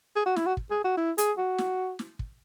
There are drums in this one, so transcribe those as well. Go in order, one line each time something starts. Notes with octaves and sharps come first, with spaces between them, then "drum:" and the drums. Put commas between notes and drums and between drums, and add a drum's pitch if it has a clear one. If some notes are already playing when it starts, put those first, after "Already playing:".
G#4
F#4
E4, drum: snare
F#4
drum: kick
G#4
F#4
E4
G#4, drum: hi-hat
F#4
drum: snare
drum: snare
drum: kick